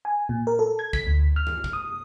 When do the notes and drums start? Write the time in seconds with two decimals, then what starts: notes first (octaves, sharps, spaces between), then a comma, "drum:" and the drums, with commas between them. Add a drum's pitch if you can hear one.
0.05 G#5
0.29 A#2
0.47 A#4
0.59 A4
0.79 G#6
0.93 B6, drum: kick
1.07 D2
1.36 F6
1.47 drum: tom
1.64 drum: kick
1.73 D#6